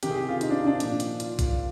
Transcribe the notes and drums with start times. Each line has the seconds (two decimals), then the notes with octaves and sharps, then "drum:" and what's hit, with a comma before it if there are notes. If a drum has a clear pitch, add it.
0.03 C3 D#3 G4, drum: hi-hat
0.10 G#4
0.16 G4
0.29 F4
0.41 D#4, drum: hi-hat
0.50 D4
0.67 D4
0.80 A#2 F3, drum: hi-hat
1.00 drum: hi-hat
1.20 F4, drum: hi-hat
1.39 drum: kick A#1, hi-hat